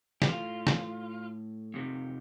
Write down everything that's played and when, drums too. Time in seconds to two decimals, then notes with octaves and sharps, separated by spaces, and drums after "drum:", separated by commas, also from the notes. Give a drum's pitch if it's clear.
0.22 G4, drum: snare
0.29 A2 F4
0.67 drum: snare
1.74 F2 C3 D#3